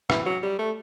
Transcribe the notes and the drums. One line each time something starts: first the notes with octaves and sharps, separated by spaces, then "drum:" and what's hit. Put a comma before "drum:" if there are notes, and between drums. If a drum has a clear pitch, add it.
E3, drum: rim click
F#3
G3
A3